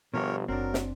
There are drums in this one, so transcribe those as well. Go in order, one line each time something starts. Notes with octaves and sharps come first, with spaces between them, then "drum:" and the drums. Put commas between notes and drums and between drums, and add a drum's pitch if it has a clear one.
G1 B2 F3 G3 A#4 C#5
F#1 F#3 C4 D4 A#4
drum: snare